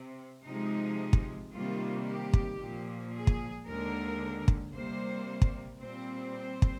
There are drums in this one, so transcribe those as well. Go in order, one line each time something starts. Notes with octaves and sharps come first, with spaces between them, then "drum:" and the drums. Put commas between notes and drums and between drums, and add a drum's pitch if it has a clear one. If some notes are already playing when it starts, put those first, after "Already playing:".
Already playing: C3
C3 F3 G#3 D#4
drum: kick
C3 D#3 G3 A#3 F4
G4
drum: kick
A#2 F3 A#3
G#4
drum: kick
D#2 D3 G#3 A#4
drum: kick
C3 G3 A#3 C5
drum: kick
A#2 G3 C4 C5
C5
drum: kick